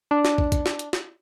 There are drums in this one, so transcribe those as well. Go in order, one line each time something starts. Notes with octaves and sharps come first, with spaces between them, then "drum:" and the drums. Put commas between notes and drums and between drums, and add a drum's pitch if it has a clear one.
D4
drum: snare
drum: kick
drum: kick, hi-hat
drum: snare
drum: hi-hat
drum: snare